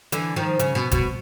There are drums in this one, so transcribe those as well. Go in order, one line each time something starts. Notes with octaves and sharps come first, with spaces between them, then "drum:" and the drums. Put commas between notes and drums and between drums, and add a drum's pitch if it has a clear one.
D3 E3, drum: hi-hat
D#3 F3
C#3, drum: hi-hat
B2
B2, drum: kick E1, hi-hat